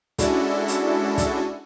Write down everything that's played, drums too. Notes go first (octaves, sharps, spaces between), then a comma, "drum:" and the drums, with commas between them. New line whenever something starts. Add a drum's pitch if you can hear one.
G#3 C#4 D4 E4 F#4 A4, drum: kick, hi-hat
drum: hi-hat
drum: kick, hi-hat